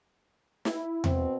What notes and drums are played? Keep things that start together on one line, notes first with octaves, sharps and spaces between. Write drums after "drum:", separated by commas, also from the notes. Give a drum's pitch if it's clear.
E4, drum: snare
B2 C4, drum: tom E2